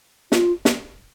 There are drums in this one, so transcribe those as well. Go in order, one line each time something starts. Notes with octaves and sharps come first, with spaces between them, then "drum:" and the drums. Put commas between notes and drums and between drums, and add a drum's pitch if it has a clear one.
F4, drum: snare
drum: snare